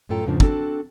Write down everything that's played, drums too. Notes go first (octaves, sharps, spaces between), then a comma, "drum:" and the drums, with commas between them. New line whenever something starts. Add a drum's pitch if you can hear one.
F#2 A2 F4 A4 G5 A#5
E2 G#2 C#3 F3 D4
C4 D4 F#4 A4, drum: kick